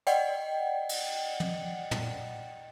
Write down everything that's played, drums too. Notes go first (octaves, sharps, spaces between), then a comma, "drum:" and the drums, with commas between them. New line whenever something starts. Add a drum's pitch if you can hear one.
D5 D#5 F#5 G5, drum: hi-hat
drum: cymbal
drum: tom
drum: tom